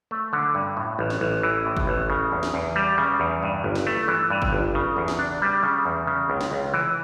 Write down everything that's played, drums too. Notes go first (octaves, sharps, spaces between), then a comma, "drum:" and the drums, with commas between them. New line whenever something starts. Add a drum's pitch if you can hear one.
A3
D3
G2
A2
A1
drum: snare
A1
E3
A2
drum: kick G1
A1
C#3
E2
drum: snare
E2
G3
C#3
E2
G2
G1
drum: snare
A3
E3
G2
drum: kick G1
G1
C#3
E2
drum: snare
D4
G3
C#3
E2
C#3
C#2
drum: snare
C#2
E3